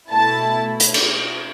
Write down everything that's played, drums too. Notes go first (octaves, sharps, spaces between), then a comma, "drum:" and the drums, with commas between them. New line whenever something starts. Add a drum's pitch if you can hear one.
B2 A3 E4 A5
drum: hi-hat
drum: cymbal